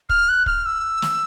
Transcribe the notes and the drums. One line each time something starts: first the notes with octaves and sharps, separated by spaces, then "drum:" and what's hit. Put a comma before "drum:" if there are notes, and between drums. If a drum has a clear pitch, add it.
F6, drum: kick
F#6
F6, drum: kick
E6
drum: snare